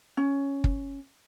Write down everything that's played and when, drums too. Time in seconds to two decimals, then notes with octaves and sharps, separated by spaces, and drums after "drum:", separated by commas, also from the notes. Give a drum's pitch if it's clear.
0.17 C#4
0.64 drum: kick